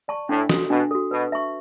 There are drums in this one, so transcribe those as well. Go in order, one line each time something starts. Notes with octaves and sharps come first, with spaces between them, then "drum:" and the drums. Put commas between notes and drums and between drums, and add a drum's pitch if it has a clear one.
D5 A5 C#6
A2 D4
F#4 A4, drum: snare
B2 D4
F#4 A4
B2 B4
E5 A5 C#6